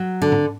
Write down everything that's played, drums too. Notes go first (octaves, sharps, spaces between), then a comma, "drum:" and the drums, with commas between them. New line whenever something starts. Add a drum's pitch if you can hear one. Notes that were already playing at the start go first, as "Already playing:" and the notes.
Already playing: F#3
D3
drum: tom G#2